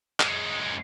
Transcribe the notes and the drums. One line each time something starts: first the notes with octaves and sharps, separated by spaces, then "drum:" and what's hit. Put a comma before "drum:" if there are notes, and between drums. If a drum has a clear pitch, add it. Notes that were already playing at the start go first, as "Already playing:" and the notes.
F#2 G#3, drum: clap